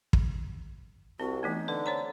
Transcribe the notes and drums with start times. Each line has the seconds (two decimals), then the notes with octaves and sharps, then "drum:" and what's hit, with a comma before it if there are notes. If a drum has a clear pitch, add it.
0.13 drum: kick
1.20 C2 C4 F#4
1.43 E3 A3 B3 D#4
1.68 D3 B4
1.86 C5 C#5 A#5